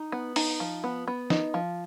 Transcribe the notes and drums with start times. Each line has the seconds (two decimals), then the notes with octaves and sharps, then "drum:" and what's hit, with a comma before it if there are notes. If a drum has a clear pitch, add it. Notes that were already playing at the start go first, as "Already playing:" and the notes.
Already playing: D#4
0.12 B3
0.36 D#4, drum: open hi-hat
0.60 F3
0.84 B3
1.08 B3
1.30 D#4, drum: snare
1.54 F3